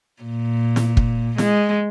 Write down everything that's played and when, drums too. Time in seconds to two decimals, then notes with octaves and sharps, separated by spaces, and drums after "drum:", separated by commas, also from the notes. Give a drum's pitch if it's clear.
0.22 A#2
0.76 drum: snare
0.97 drum: kick
1.38 G#3, drum: snare